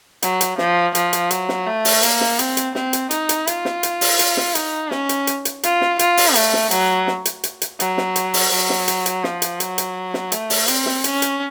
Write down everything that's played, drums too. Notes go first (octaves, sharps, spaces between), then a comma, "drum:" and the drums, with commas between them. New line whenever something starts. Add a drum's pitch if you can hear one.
F#3, drum: hi-hat
drum: hi-hat
F3, drum: snare
F3, drum: hi-hat
drum: hi-hat
F#3, drum: hi-hat
drum: snare
A3
drum: open hi-hat
A#3, drum: hi-hat
drum: snare
C4, drum: hi-hat
drum: hi-hat
C4, drum: snare
drum: hi-hat
D#4, drum: hi-hat
drum: hi-hat
F4, drum: hi-hat
drum: snare
drum: hi-hat
drum: open hi-hat
drum: hi-hat
drum: snare
D#4, drum: hi-hat
C#4, drum: snare
drum: hi-hat
drum: hi-hat
drum: hi-hat
F4, drum: hi-hat
drum: snare
F4, drum: hi-hat
drum: open hi-hat
A3, drum: hi-hat
drum: snare
F#3, drum: hi-hat
drum: snare
drum: hi-hat
drum: hi-hat
drum: hi-hat
F#3, drum: hi-hat
drum: snare
drum: hi-hat
drum: open hi-hat
F#3
drum: snare
drum: hi-hat
drum: hi-hat
F3, drum: snare
drum: hi-hat
F#3, drum: hi-hat
drum: hi-hat
drum: snare
A3, drum: hi-hat
drum: open hi-hat
C4, drum: hi-hat
drum: snare
C#4, drum: hi-hat
drum: hi-hat